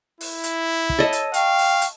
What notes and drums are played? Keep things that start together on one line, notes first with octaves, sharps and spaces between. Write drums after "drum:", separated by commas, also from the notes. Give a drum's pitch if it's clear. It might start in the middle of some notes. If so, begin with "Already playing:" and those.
E4, drum: open hi-hat
drum: hi-hat
drum: kick
A4 C#5 D#5
drum: hi-hat
F5 G5 C#6, drum: hi-hat
drum: open hi-hat
drum: hi-hat